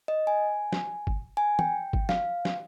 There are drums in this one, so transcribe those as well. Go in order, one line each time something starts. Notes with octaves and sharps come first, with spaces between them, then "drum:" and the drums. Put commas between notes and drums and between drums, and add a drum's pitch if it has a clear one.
D#5
G#5
drum: snare
drum: kick
G#5
G5, drum: tom
drum: kick
F5, drum: snare
drum: snare